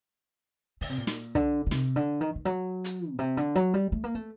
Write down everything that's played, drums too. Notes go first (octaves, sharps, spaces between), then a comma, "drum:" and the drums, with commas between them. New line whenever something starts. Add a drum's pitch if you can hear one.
D3, drum: open hi-hat
C3
A#2
drum: snare
D3, drum: kick
D3
C3, drum: snare
D3
D#3
D#3
F#3
drum: hi-hat
A#2
C3
D3
F#3
G3
A3
A#3
A3